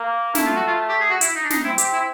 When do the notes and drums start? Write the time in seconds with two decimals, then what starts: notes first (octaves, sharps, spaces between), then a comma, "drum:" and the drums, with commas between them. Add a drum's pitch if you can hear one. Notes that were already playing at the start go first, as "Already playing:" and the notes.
Already playing: A#3
0.35 A3 E4, drum: snare
0.46 F4
0.56 F#4
0.67 F4
0.89 G4
1.00 G#4
1.10 F#4
1.21 E4, drum: hi-hat
1.36 D#4
1.43 D4
1.50 D#4, drum: snare
1.64 C4 E4
1.78 G4, drum: hi-hat
1.93 E4